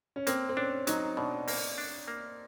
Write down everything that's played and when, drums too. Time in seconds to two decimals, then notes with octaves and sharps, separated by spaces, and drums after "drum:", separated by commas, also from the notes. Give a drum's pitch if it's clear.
0.16 C#4
0.27 A#3 C4, drum: hi-hat
0.49 C4
0.57 C#4 D4
0.87 F#3 D#4, drum: hi-hat
1.17 B2 D4
1.48 A#3, drum: open hi-hat
1.78 D4
2.08 A#3